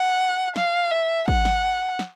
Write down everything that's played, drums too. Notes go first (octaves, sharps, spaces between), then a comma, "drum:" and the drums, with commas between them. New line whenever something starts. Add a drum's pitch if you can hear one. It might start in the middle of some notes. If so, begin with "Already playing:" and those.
Already playing: F#5
F5, drum: snare
E5
F#5, drum: kick
drum: snare
drum: snare